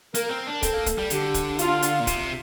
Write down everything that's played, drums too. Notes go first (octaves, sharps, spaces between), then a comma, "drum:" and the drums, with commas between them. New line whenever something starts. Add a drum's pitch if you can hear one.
A#3 A#4, drum: hi-hat
C4
D4
C4 A4, drum: kick, hi-hat
A#3
drum: kick, hi-hat
G3
D3 G4, drum: hi-hat
drum: kick, hi-hat
F4, drum: hi-hat
drum: hi-hat
A#2
C3, drum: kick, hi-hat